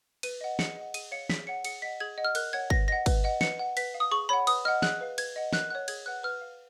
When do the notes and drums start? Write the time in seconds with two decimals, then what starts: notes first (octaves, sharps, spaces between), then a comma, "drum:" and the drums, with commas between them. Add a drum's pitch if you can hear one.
0.23 B4 D#7, drum: cymbal
0.41 D#5 F#5
0.59 G#4 C#7, drum: snare
0.77 D#5 F#5
0.94 G#4 D#7, drum: cymbal
1.11 C#5 F5 C#7
1.30 G#4 B6, drum: snare
1.47 C#5 F#5 C#7
1.64 G#4 C#7, drum: cymbal
1.82 D#5 F#5 B6
2.00 G#4 G#6
2.18 D#5 F#5
2.25 F6
2.35 A#4 F#6, drum: cymbal
2.53 C#5 F#5 G#6
2.70 B4 A#6, drum: kick
2.88 D#5 F#5 A#6
3.06 B4, drum: kick, cymbal
3.24 D#5 F#5
3.41 B4 C#7, drum: snare
3.59 F#5
3.77 B4 B6, drum: cymbal
3.94 F5
4.00 D#6
4.11 G#4 C#6
4.29 C#5 F#5 B5
4.47 B4 D#6, drum: cymbal
4.65 D#5 F#5 F6
4.82 G#4 F#6, drum: snare
5.01 B4 F5
5.18 B4 G#6, drum: cymbal
5.36 D#5 F#5
5.53 A#4 F#6, drum: snare
5.70 C#5 F#5 F#6
5.88 G#4 G#6, drum: cymbal
6.06 B4 F#5 F#6
6.23 B4 F6
6.41 F5